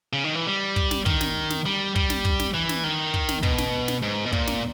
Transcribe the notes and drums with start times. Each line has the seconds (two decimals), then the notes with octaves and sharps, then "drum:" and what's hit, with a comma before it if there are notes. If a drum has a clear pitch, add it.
0.13 C#3
0.24 D#3
0.35 E3
0.47 G3
0.76 drum: kick
0.91 drum: snare
1.06 D#3, drum: kick
1.21 drum: snare
1.50 drum: snare
1.66 G3
1.96 G3, drum: kick
2.10 drum: snare
2.25 drum: kick
2.40 drum: snare
2.54 E3
2.69 drum: snare
2.84 D#3
3.14 drum: kick
3.29 drum: snare
3.43 B2, drum: kick
3.58 drum: snare
3.88 drum: snare
4.03 G#2
4.26 B2
4.32 A#2, drum: kick
4.47 drum: snare